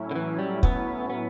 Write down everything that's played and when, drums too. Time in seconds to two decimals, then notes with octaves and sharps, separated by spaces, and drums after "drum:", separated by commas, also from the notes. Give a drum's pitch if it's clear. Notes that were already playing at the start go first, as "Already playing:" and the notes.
Already playing: A2 F#3 C#4 E4
0.11 D3
0.15 E3
0.39 G3
0.63 B3, drum: kick
1.10 B3